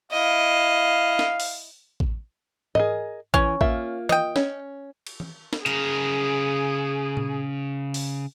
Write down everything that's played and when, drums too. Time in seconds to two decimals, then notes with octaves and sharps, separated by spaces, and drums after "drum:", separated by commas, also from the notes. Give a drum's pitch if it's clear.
0.12 E4 D#5 F5
1.19 drum: snare
1.40 drum: open hi-hat
2.00 drum: kick A1
2.75 G#4 A#4 D#5, drum: tom G#2
3.34 E3 C#4, drum: kick A1
3.61 A#3 F4 E5, drum: kick A1
4.09 D#5 G5, drum: tom E3
4.36 C#4, drum: snare
5.07 drum: cymbal
5.20 drum: tom E3
5.53 drum: snare
5.66 C#3 G#4 A#4, drum: hi-hat
7.17 drum: tom A#2
7.94 drum: open hi-hat